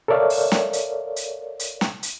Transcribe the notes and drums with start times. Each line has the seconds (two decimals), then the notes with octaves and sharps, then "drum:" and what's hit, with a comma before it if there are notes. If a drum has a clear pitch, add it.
0.08 A4 A#4 C#5 D5 E5 F5
0.30 drum: open hi-hat
0.52 drum: snare
0.73 drum: hi-hat
1.16 drum: hi-hat
1.59 drum: hi-hat
1.81 drum: snare
2.03 drum: hi-hat